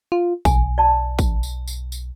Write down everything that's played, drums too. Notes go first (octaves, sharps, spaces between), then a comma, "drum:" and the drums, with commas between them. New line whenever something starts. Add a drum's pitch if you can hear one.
F4
B1 G#5, drum: kick A1, tambourine
D5 A5
drum: kick A1, tambourine
drum: tambourine
drum: tambourine
drum: tambourine